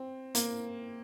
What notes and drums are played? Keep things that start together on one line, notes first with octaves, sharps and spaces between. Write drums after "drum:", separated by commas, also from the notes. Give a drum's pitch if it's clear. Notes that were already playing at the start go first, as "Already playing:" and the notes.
Already playing: C4
A#3, drum: hi-hat